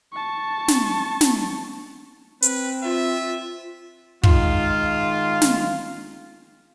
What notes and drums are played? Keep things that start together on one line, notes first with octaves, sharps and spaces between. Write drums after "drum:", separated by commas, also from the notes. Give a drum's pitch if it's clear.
A5 C#6
drum: snare
drum: snare
C4 B4, drum: hi-hat
F4 E5
D#3 G#3 F4, drum: kick
drum: snare